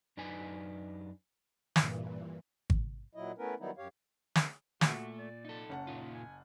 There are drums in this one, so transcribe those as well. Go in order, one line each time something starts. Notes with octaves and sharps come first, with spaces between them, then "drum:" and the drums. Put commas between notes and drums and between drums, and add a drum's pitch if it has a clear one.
F#2 D4 D#4 B4 G#5
G2 A#2 E3, drum: snare
drum: kick G#1
A#2 F#3 E4 D#5
A3 B3 C#4 E4 A#4 B4
D#3 F#3 G3 B3 D#4 E4
F#2 G4 C#5 F5
drum: snare
A#2 A3 F#4, drum: snare
D5
D#4 A4
F#1 C#4 F#5 A5
A#2 D#4 F4
G#5